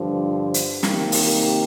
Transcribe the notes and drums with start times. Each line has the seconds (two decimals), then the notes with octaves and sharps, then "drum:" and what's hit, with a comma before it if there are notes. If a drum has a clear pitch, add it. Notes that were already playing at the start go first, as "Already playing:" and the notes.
Already playing: G2 D3 F3
0.54 drum: hi-hat
0.83 C3 D#3 A#3 D#4 G4, drum: snare
1.12 drum: open hi-hat